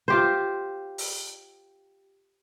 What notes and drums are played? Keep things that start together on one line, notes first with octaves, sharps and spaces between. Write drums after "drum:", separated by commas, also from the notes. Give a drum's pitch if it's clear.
F4 G4 C5
drum: open hi-hat